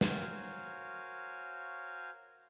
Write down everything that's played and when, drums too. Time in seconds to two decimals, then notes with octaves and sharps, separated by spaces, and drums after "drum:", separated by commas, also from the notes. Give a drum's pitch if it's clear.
0.01 F#4 A#4 C5 C#5 F5 G#5, drum: snare